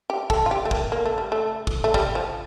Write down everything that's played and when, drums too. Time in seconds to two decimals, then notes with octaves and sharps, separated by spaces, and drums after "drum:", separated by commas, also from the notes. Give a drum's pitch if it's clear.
0.10 G4
0.30 A4, drum: kick
0.46 F4
0.51 G4
0.65 A3
0.71 A#3, drum: kick
0.92 A#3
1.06 A3
1.18 G3
1.32 A3
1.67 drum: kick
1.84 A3
1.94 G3, drum: kick
2.15 F3